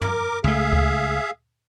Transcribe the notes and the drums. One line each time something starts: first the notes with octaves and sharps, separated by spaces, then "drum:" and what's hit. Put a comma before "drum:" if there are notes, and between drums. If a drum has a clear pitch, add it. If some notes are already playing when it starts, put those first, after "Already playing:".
A#4 D6, drum: tom
C#2 A3 G#4 E5 F5
drum: kick D2